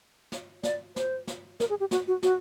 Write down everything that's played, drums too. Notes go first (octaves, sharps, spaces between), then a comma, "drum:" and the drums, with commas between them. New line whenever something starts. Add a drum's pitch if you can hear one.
drum: snare
D5, drum: snare
C5, drum: snare
drum: snare
A#4, drum: snare
G#4
G4
F#4, drum: snare
F#4
F#4, drum: snare